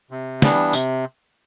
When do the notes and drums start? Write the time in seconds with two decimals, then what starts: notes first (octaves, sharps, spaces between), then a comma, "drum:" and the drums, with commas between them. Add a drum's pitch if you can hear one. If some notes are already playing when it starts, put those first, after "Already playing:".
0.11 C3
0.42 E3 G3 B3 D4, drum: snare
0.73 C3, drum: tambourine